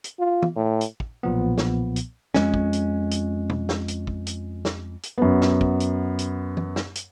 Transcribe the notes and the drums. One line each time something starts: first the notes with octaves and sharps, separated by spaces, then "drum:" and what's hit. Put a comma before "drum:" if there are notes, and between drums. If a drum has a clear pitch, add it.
drum: hi-hat
F4
drum: tom
A2
drum: hi-hat
drum: kick
B1 A#2 F3 B3
drum: snare
drum: hi-hat
F2 G#3 C#4, drum: snare
drum: kick
drum: hi-hat
drum: hi-hat
drum: tom
drum: snare
drum: hi-hat
drum: kick
drum: hi-hat
drum: snare
drum: hi-hat
F#2 B3
drum: snare
drum: kick
drum: hi-hat
drum: hi-hat
drum: tom
drum: snare
drum: hi-hat